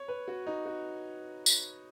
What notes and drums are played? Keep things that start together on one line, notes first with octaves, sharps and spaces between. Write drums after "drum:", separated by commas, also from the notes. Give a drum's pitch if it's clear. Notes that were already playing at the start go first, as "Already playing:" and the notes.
Already playing: C#5
B4
F#4
D#4
F#4
drum: tambourine